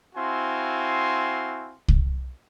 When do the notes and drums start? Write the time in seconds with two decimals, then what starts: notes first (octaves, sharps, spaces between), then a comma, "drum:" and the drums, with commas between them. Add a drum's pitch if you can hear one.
0.16 C4 E4 F#4 F5 G#5 C6
1.88 drum: kick C2